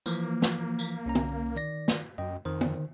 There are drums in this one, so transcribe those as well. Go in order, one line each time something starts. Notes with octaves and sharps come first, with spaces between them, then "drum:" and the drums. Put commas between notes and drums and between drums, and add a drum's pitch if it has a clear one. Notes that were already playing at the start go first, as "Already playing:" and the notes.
E3 F3 A#3, drum: tambourine
drum: snare
drum: tambourine
C2 C#4 A#5
drum: tom
D#3 D5 A#6
drum: snare
F#2 D#5 G5
F2 D#3 C5
drum: tom